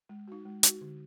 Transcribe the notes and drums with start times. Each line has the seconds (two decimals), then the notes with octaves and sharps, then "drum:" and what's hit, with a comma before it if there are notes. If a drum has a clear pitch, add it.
0.09 G#3
0.28 D#4 F#4
0.45 G#3
0.63 D#4 F#4, drum: hi-hat
0.81 D3